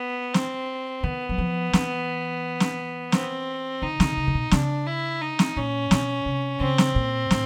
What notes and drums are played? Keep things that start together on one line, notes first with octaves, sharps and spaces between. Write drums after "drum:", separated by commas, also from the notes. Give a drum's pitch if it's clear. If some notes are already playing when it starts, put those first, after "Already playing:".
Already playing: B3
C4, drum: snare
D#3 B3
F#3
F3
E3, drum: snare
drum: snare
C4, drum: snare
D3 D#4
D3, drum: snare
C#3
C3
B2
C#3 D4, drum: snare
E4
D#4
drum: snare
A#2 C#4
B2, drum: snare
C3
C#3 C4
drum: snare
A#2
A2, drum: snare